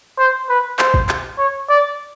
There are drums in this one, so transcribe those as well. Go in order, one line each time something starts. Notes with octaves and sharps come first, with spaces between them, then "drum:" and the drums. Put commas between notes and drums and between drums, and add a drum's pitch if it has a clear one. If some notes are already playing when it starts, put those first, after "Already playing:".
C5
B4
C5, drum: clap
drum: kick
drum: clap
C#5
D5